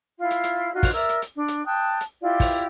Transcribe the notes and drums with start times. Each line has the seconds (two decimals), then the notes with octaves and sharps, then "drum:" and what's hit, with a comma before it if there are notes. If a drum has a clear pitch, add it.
0.19 E4 F4 F5
0.30 drum: hi-hat
0.44 drum: hi-hat
0.73 D#4 F4 F#4 F#6
0.83 drum: kick, open hi-hat
0.93 A#4 D5 E5 E6
1.09 drum: hi-hat
1.22 drum: hi-hat
1.35 D4
1.48 drum: hi-hat
1.65 G5 A5 D#6 F#6
2.01 drum: hi-hat
2.21 E4 F4 G4 D5
2.40 drum: kick, open hi-hat